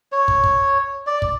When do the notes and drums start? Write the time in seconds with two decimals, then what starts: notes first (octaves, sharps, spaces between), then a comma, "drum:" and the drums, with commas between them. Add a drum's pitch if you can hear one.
0.12 C#5
0.28 drum: kick
0.44 drum: kick
1.07 D5
1.22 drum: kick